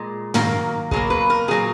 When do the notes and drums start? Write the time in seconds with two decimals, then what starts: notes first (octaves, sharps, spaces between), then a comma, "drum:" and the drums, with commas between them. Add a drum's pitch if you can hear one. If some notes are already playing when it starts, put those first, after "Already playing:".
Already playing: A#2 G#3
0.34 D#3 F#3 A#3 A#4, drum: tom
0.91 B2 F#3 A#3 G#4, drum: kick
1.10 B4
1.30 A#4
1.48 A#2 F#3 A#3 G#4